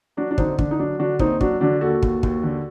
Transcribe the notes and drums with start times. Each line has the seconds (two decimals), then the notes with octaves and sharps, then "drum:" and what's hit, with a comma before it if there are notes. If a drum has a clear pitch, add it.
0.17 F#3 D4 F#4
0.31 D4
0.38 D3 C4 D#4, drum: kick
0.59 D3 D4, drum: kick
0.71 D#4
0.79 F#3 D4
0.99 D3 D4 F#4
1.19 D#2 C4 D#4, drum: kick
1.41 F#3 D4 F#4, drum: kick
1.61 D3 D4 F#4
1.81 D#2 F#4 A4
2.03 D#2, drum: kick
2.23 D#2, drum: kick
2.43 D3